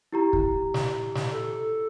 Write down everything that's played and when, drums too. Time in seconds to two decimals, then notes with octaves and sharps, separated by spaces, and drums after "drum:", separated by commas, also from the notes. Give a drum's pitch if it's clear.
0.12 E4 G4 A#5
0.33 drum: kick
0.74 drum: snare
1.15 drum: snare
1.32 A4